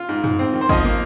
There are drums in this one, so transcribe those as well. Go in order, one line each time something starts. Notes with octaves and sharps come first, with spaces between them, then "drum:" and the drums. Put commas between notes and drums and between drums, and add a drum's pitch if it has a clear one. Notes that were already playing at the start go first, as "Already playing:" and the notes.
Already playing: F4
G#2
G#2, drum: tom F#2
C4
D#3
C5
F3 D#5, drum: kick
A#3